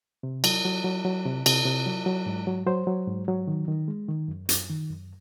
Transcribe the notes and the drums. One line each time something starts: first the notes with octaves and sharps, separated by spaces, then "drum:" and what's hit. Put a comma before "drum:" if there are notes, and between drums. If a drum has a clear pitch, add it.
C3
F#3, drum: cymbal
F#3
F#3
F#3
C3
C3, drum: cymbal
C3
F#3
F#3
G#2
F#3
F#3 C5
F#3
G#2
F#3
D#3
D#3
G#3
D#3
F#2
F#2, drum: hi-hat
D#3
F#2